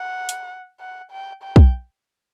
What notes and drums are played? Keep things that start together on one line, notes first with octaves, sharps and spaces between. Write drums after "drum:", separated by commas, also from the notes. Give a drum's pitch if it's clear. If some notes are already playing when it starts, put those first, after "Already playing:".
Already playing: F#5
drum: hi-hat
F#5
G5
G5
drum: kick